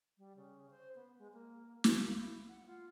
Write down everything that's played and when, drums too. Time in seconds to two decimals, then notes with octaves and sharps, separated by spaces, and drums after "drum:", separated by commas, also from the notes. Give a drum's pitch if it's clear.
0.18 G3
0.37 C#3
0.70 C5
0.95 B3
1.19 G#3
1.33 A#3
1.84 A#4, drum: snare
1.99 F5
2.16 E4
2.48 F#5
2.67 F4